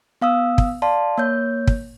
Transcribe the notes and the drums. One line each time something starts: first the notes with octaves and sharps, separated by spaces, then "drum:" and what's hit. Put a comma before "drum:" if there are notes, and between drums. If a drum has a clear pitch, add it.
B3 F5 D#6 E6
drum: kick
D5 F5 A5 C6
A#3 C#5 G6
drum: kick